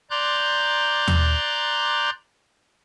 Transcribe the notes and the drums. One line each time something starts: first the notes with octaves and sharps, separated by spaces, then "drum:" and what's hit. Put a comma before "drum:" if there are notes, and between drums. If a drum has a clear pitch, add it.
D5 A#5 C6 D6 F#6 G6
drum: tom D#2